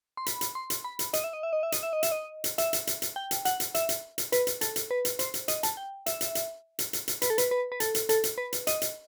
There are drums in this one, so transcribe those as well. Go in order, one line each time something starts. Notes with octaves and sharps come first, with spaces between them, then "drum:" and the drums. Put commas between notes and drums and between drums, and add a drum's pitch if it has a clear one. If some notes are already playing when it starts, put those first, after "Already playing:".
C6
B5, drum: hi-hat
drum: hi-hat
C6
drum: hi-hat
B5
drum: hi-hat
D#5, drum: hi-hat
E5
D#5
E5
D#5
E5
D#5, drum: hi-hat
E5
D#5
E5, drum: hi-hat
D#5
drum: hi-hat
E5, drum: hi-hat
drum: hi-hat
drum: hi-hat
drum: hi-hat
G5
drum: hi-hat
F#5, drum: hi-hat
drum: hi-hat
E5, drum: hi-hat
drum: hi-hat
drum: hi-hat
B4, drum: hi-hat
drum: hi-hat
A4, drum: hi-hat
drum: hi-hat
B4
drum: hi-hat
C5, drum: hi-hat
drum: hi-hat
D#5, drum: hi-hat
A5, drum: hi-hat
G5
E5, drum: hi-hat
drum: hi-hat
drum: hi-hat
drum: hi-hat
drum: hi-hat
drum: hi-hat
B4, drum: hi-hat
A4
B4, drum: hi-hat
B4
B4
A4, drum: hi-hat
drum: hi-hat
A4, drum: hi-hat
drum: hi-hat
B4
drum: hi-hat
D#5, drum: hi-hat
drum: hi-hat